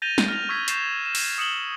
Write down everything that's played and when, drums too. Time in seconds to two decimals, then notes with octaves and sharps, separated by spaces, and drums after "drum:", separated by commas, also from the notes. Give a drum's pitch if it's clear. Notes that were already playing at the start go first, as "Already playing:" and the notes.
0.02 G6 A6 A#6 D#7 F7 G7
0.18 drum: snare
0.28 F6 A#6 F7
0.49 C#6 E6 G#6 B6 D#7
0.68 C#6 G6 A6 C7 E7, drum: hi-hat
1.06 E7
1.15 drum: open hi-hat
1.38 D#6 C#7 E7 F#7 G7